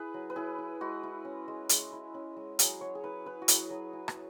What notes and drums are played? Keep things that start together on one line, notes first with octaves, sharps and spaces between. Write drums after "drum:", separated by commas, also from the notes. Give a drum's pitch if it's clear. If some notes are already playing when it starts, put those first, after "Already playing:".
Already playing: E4 G#4 B4
F#3
B4
E4 G#4
E4
G#3 F#4
E4
C#4
G#3
G#3, drum: hi-hat
E4
C#4
G#3
F#3 G#4, drum: hi-hat
F#3 C#5
G#4
E4 B4
E4 B4
F#4
F#3 G#4, drum: hi-hat
F#3
E4
drum: rim click